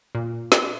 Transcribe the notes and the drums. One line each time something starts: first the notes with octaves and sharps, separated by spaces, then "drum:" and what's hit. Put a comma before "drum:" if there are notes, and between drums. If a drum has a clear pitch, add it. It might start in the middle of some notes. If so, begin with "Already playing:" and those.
A#2
drum: snare